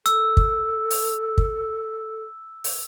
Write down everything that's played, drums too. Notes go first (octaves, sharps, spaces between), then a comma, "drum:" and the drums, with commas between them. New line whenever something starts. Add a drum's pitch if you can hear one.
A4 E6, drum: hi-hat
drum: kick
drum: open hi-hat
drum: kick
drum: open hi-hat